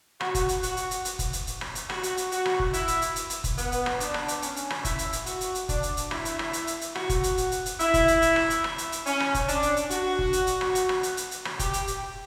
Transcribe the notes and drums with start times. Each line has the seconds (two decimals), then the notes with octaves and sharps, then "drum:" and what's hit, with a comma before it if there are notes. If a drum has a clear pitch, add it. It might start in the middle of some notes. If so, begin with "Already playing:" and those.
0.20 F#4, drum: rim click
0.35 drum: kick F1, hi-hat
0.49 drum: hi-hat
0.63 F#4, drum: hi-hat
0.77 drum: hi-hat
0.91 drum: hi-hat
1.05 drum: hi-hat
1.19 drum: kick F1, hi-hat
1.33 drum: hi-hat
1.47 drum: hi-hat
1.61 drum: rim click
1.75 drum: hi-hat
1.90 F#4, drum: rim click
2.03 drum: hi-hat
2.17 drum: hi-hat
2.32 F#4, drum: hi-hat
2.45 drum: rim click
2.60 drum: kick F1
2.74 E4, drum: hi-hat
2.88 drum: hi-hat
3.02 drum: hi-hat
3.16 drum: hi-hat
3.30 drum: hi-hat
3.44 drum: kick F1, hi-hat
3.58 B3, drum: hi-hat
3.72 drum: hi-hat
3.86 drum: rim click
4.00 D4, drum: hi-hat
4.14 drum: rim click
4.28 drum: hi-hat
4.42 C#4, drum: hi-hat
4.56 drum: hi-hat
4.70 drum: rim click
4.85 E4, drum: kick F1, hi-hat
4.99 drum: hi-hat
5.13 drum: hi-hat
5.26 F#4, drum: hi-hat
5.41 drum: hi-hat
5.55 drum: hi-hat
5.69 D4, drum: kick F1, hi-hat
5.83 drum: hi-hat
5.97 drum: hi-hat
6.11 E4, drum: rim click
6.25 drum: hi-hat
6.39 drum: rim click
6.53 drum: hi-hat
6.67 drum: hi-hat
6.81 drum: hi-hat
6.95 F#4, drum: rim click
7.09 drum: kick F1, hi-hat
7.23 drum: hi-hat
7.38 drum: hi-hat
7.52 drum: hi-hat
7.66 drum: hi-hat
7.80 E4, drum: hi-hat
7.94 drum: kick F1, hi-hat
8.08 drum: hi-hat
8.22 drum: hi-hat
8.36 drum: rim click
8.50 drum: hi-hat
8.64 drum: rim click
8.78 drum: hi-hat
8.92 drum: hi-hat
9.06 C#4, drum: hi-hat
9.20 drum: rim click
9.34 drum: kick F1, hi-hat
9.48 D4, drum: hi-hat
9.63 drum: hi-hat
9.77 drum: hi-hat
9.90 F#4, drum: hi-hat
10.19 drum: kick F1
10.33 drum: hi-hat
10.47 drum: hi-hat
10.61 drum: rim click
10.75 drum: hi-hat
10.89 drum: rim click
11.03 drum: hi-hat
11.17 drum: hi-hat
11.31 drum: hi-hat
11.45 drum: rim click
11.59 G4, drum: kick F1, hi-hat
11.73 drum: hi-hat
11.87 drum: hi-hat